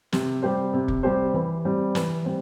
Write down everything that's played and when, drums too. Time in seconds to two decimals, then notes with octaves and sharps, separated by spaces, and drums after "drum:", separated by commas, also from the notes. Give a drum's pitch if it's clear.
0.12 C3, drum: snare
0.42 G3 C4 G4 C5
0.73 C3
0.88 drum: kick
1.03 G3 C4 G4 C5
1.34 E3
1.65 G3 C4
1.95 E3, drum: snare
2.25 G3 C4